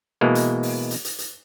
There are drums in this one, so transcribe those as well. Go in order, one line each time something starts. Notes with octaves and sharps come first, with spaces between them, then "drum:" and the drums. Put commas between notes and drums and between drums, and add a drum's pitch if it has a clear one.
B2 E3 G#3 A#3
drum: hi-hat
drum: open hi-hat
drum: hi-hat
drum: hi-hat
drum: hi-hat